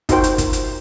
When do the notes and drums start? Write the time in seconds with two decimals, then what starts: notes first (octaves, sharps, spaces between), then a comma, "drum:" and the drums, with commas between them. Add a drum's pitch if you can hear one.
0.09 D#4 F4 F#4 A#4 C5 G5, drum: kick, hi-hat
0.24 drum: hi-hat
0.38 drum: kick, hi-hat
0.53 drum: hi-hat